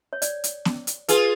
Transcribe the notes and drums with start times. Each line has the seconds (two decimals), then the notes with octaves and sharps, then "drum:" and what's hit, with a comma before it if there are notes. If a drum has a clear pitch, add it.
0.13 C#5
0.22 D5, drum: hi-hat
0.44 drum: hi-hat
0.65 drum: snare B3
0.87 drum: hi-hat
1.08 F4 G#4 B4, drum: hi-hat